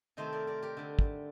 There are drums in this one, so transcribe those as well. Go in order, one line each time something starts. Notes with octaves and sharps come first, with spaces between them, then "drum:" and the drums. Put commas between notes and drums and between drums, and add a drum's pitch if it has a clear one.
C3 D#3 A3 C4 C5 D#5
A#4 D5
A#4 D5
G4 A#4
D3 G3 C4
drum: kick